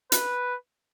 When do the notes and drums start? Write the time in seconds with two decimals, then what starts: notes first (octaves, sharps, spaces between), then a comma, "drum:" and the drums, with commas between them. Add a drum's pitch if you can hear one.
0.12 B4, drum: hi-hat